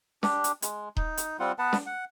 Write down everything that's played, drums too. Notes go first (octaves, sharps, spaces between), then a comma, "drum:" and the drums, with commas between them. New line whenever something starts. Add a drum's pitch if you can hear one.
D4 G4, drum: snare
drum: hi-hat
G#3, drum: hi-hat
D#4, drum: kick D#1
drum: hi-hat
G3 C4 F4 F#5
B3 B4 F#5 A5
drum: snare
F#5